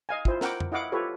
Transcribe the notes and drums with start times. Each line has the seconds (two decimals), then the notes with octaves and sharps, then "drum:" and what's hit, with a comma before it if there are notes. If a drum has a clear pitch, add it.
0.09 D#5 F5 G#5
0.25 E4 F4 C5, drum: kick
0.41 A#4 F#5 G5 D6, drum: snare
0.60 drum: tom F2
0.72 E4 D#5 F5 F#5 D6
0.92 F4 G4 A4 B4 C#5